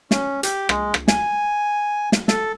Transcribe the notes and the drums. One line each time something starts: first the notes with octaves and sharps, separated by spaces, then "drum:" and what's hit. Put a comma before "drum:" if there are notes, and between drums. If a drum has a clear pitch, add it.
C#4, drum: snare
G4, drum: hi-hat
G#3, drum: rim click
drum: rim click
G#5, drum: snare
drum: snare
A4, drum: snare